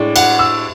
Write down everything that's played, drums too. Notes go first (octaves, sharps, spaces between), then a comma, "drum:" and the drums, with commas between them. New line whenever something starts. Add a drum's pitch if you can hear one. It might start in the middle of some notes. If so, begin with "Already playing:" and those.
Already playing: A2 G#3 D4
F#5, drum: cymbal
E6